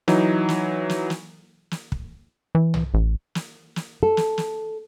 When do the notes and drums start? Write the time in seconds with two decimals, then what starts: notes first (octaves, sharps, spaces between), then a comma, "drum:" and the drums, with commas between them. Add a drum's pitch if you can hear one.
0.08 E3 F#3 D#4, drum: snare
0.49 drum: snare
0.89 drum: snare
1.10 drum: snare
1.71 drum: snare
1.92 drum: kick
2.55 E3
2.74 drum: tom
2.94 A1
3.35 drum: snare
3.76 drum: snare
4.03 A4
4.17 drum: snare
4.38 drum: snare